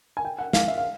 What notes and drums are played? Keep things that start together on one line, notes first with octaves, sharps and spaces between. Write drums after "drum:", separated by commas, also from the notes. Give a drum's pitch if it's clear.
G#5
G5
F#5
F5, drum: snare
E5
F5